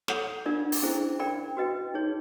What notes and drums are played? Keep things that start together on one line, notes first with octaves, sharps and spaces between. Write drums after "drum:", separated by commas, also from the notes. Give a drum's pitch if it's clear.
A4 C#5 F#5, drum: snare
D4 F4 A#4 D5
drum: open hi-hat
C#4 E4 G#4 C5
A#4 D5 G5 B5
F#4 B4 D#5 G5
D#4 G#4 C#5